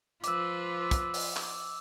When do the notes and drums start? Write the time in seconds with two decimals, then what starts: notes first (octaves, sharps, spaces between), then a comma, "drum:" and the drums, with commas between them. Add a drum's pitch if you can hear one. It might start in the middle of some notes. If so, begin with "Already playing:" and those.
0.24 F3 F4 B4 D6 E6, drum: hi-hat
0.91 drum: kick, hi-hat
1.14 drum: open hi-hat
1.36 drum: clap